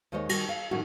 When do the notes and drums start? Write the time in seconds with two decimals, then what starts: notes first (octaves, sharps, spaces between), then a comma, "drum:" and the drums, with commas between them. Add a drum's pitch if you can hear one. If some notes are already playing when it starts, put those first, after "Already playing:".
0.12 D#2 D#3 G#3 C5 C#5 D#5
0.29 D#3 G3 F#4, drum: cymbal
0.49 F5
0.71 A2 D#3 E3 F#3 C#4 F#4